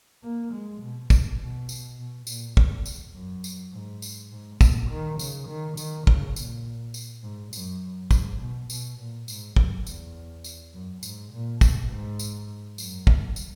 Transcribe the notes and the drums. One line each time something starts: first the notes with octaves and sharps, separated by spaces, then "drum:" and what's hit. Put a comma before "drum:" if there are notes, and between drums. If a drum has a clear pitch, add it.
A#3
G#3
B2
B2, drum: kick, tambourine
B2
drum: tambourine
B2
A#2, drum: tambourine
E2, drum: kick
drum: tambourine
F#2
drum: tambourine
G#2
drum: tambourine
G#2
A#2, drum: kick, tambourine
D#3
C#3, drum: tambourine
D#3
D#3, drum: tambourine
C#3, drum: kick
A#2, drum: tambourine
drum: tambourine
G#2
F#2, drum: tambourine
G#2, drum: kick, tambourine
B2
B2, drum: tambourine
A#2
G#2, drum: tambourine
F#2, drum: kick
E2, drum: tambourine
drum: tambourine
F#2
G#2, drum: tambourine
A#2
B2, drum: kick, tambourine
G#2
drum: tambourine
F#2, drum: tambourine
drum: kick
drum: tambourine